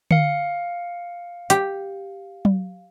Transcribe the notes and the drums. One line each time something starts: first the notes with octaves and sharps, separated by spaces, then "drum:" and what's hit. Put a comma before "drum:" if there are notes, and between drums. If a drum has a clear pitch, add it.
F5 C#7, drum: tom D3
G4, drum: hi-hat
drum: tom F#3